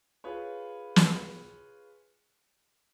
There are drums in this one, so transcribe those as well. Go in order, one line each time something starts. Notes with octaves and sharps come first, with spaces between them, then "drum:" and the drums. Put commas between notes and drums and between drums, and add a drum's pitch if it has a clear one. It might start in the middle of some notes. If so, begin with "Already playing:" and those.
F4 G#4 B4 C#5
drum: snare